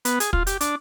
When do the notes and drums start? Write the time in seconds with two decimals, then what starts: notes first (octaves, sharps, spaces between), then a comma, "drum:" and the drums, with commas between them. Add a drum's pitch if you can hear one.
0.05 B3, drum: hi-hat
0.20 G#4, drum: hi-hat
0.33 F4, drum: kick
0.47 G4, drum: hi-hat
0.61 D4, drum: hi-hat